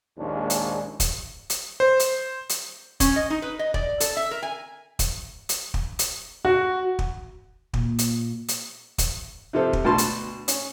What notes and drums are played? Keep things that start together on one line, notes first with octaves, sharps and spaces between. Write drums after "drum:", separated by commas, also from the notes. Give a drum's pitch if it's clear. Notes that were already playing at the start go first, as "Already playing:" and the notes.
A#1 D#2 G#3 C#4 D4
drum: hi-hat
drum: kick, hi-hat
drum: hi-hat
C5
drum: hi-hat
drum: hi-hat
C#4, drum: kick, hi-hat
D#5
D#4
B4
D#5
D5, drum: kick
A4, drum: hi-hat
E5
A#4
G#5
drum: kick, hi-hat
drum: hi-hat
drum: kick
drum: hi-hat
F#4
drum: kick
A#2, drum: kick
drum: hi-hat
drum: hi-hat
drum: kick, hi-hat
C3 F3 A4 C5
drum: kick
D2 B2 D4 A5 C6
drum: hi-hat
C#4, drum: hi-hat